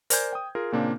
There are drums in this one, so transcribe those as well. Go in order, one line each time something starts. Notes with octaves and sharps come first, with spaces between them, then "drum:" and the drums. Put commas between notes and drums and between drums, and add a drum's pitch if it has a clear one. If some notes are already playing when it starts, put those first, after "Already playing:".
A#4 C5 D5 G#5 G6 G#6, drum: hi-hat
G5 D#6
F4 G#4 A#4
A#2 C#3 A#3 C4 D4